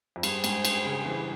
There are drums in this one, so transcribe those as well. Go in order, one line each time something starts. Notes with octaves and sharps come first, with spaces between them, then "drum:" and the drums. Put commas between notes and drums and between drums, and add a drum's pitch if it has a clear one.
F2
G2 G#4 C5 G5, drum: cymbal
G#2, drum: cymbal
drum: cymbal
C#3
E3